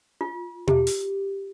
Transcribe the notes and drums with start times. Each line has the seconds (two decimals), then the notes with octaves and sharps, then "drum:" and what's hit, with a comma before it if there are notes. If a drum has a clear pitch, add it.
0.21 F4
0.68 G4, drum: tom B2
0.87 drum: open hi-hat